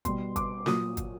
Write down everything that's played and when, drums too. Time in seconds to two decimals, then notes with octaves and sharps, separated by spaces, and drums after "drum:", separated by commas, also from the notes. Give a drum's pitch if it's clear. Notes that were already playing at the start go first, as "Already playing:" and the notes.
0.05 B2 G3 C6, drum: kick, hi-hat
0.36 D6, drum: kick, hi-hat
0.66 A#2 F#3 D#6, drum: snare
0.97 drum: kick, hi-hat